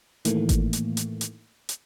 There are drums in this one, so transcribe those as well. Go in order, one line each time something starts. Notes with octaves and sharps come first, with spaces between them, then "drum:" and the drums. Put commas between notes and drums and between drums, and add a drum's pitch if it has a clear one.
A2 D#3 E3 A3 A#3, drum: hi-hat
drum: kick G#1, hi-hat
drum: hi-hat
drum: hi-hat
drum: hi-hat
drum: hi-hat